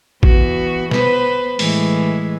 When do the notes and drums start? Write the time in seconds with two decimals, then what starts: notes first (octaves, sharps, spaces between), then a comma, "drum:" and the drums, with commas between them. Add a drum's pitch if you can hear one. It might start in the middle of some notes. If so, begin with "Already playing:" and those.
0.23 E3 B3 F#4, drum: kick A1
0.91 B3 B4 C5, drum: snare
1.59 A2 E3 G#3, drum: open hi-hat